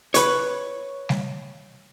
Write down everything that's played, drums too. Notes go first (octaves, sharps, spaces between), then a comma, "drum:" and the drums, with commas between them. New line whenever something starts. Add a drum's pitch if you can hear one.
B4 C#5, drum: hi-hat
drum: snare G3